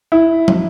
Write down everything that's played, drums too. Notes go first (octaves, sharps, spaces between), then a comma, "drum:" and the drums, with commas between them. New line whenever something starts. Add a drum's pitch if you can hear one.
E4
drum: tom